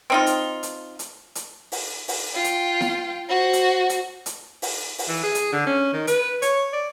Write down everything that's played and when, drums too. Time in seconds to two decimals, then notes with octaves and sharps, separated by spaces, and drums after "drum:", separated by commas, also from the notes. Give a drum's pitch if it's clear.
0.10 C4 D#4 F4
0.26 drum: hi-hat
0.63 drum: hi-hat
0.99 drum: hi-hat
1.35 drum: hi-hat
1.72 drum: open hi-hat
2.08 drum: open hi-hat
2.34 F4 G5
2.44 drum: hi-hat
2.81 drum: snare E4
3.27 F#4 C5
3.53 drum: hi-hat
3.89 drum: hi-hat
4.26 drum: hi-hat
4.62 drum: open hi-hat
4.98 drum: open hi-hat
5.08 E3
5.23 G#4
5.35 drum: hi-hat
5.52 D3
5.67 C#4
5.93 D#3
6.07 B4, drum: hi-hat
6.42 C#5, drum: hi-hat
6.73 D5